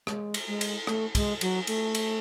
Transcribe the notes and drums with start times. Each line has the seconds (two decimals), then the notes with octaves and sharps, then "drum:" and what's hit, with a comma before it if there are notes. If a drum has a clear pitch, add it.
0.07 G#3, drum: rim click
0.34 drum: cymbal
0.48 G#3
0.61 drum: cymbal
0.87 A3, drum: rim click
1.15 G#3, drum: kick, cymbal
1.41 F#3, drum: cymbal
1.67 A3, drum: cymbal
1.95 drum: cymbal